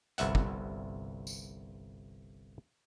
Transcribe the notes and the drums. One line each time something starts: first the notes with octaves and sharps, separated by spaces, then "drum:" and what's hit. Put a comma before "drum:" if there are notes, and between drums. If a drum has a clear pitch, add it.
G1 C2 E5 F#5, drum: hi-hat
drum: kick
drum: tambourine